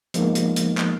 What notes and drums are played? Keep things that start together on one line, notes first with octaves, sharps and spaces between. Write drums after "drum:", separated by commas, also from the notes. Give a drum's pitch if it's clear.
F3 G#3 A#3 B3 D#4, drum: hi-hat
drum: hi-hat
drum: hi-hat
drum: clap